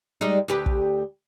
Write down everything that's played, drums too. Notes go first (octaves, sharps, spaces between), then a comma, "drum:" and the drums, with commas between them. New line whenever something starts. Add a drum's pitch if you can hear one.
G3 G#3 D#4
D2 G4 B4
drum: kick